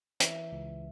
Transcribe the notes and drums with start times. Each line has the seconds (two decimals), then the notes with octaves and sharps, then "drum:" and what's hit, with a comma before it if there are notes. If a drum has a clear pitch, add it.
0.20 E3 E5, drum: hi-hat
0.52 C#2